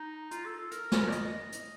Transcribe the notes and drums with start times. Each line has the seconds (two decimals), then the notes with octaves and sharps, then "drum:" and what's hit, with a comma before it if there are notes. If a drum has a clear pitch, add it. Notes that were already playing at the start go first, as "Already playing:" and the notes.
Already playing: D#4
0.31 F4, drum: hi-hat
0.45 A4
0.58 A4
0.71 A#4, drum: hi-hat
0.92 drum: snare
1.08 D5
1.12 D#5, drum: hi-hat
1.32 D#5
1.52 drum: hi-hat